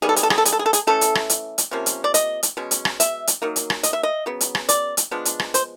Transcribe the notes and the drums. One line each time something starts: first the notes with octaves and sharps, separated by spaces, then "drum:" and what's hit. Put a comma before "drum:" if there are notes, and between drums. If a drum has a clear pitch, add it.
D#3 G3 B3 G#4
A4
G#4, drum: hi-hat
A4
G#4, drum: rim click
A4
G#4, drum: hi-hat
A4
G#4
A4
G#4, drum: hi-hat
E3 A3 C#4 A4
drum: hi-hat
drum: rim click
drum: hi-hat
drum: hi-hat
C3 F3 A#3 C#4
drum: hi-hat
D5
D#5, drum: hi-hat
drum: hi-hat
B2 G#3 C#4
drum: hi-hat
drum: rim click
E5, drum: hi-hat
drum: hi-hat
D#3 F#3 A#3
drum: hi-hat
drum: rim click
D#5, drum: hi-hat
E5
D#5
C#3 F#3 B3
drum: hi-hat
drum: rim click
D5, drum: hi-hat
drum: hi-hat
F3 G#3 B3 D4
drum: hi-hat
drum: rim click
C5, drum: hi-hat